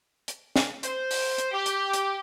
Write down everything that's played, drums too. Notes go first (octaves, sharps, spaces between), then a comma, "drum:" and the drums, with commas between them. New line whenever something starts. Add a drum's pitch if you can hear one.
drum: hi-hat
drum: snare
C5, drum: hi-hat
drum: open hi-hat
drum: hi-hat
G4
drum: hi-hat
drum: hi-hat